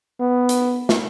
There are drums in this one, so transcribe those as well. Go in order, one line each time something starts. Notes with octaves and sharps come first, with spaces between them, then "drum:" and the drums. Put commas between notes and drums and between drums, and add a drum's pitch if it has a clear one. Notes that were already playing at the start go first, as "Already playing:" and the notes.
B3
drum: hi-hat
drum: snare